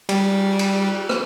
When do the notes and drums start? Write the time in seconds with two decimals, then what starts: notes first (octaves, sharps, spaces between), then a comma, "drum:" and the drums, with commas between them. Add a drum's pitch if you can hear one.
0.09 G3, drum: cymbal
0.59 drum: cymbal
1.09 drum: rim click